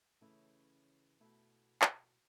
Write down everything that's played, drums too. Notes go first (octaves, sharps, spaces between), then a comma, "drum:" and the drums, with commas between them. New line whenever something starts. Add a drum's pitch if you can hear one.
C#3 E3 A3 C#4 E4
B2 A3 E4
drum: clap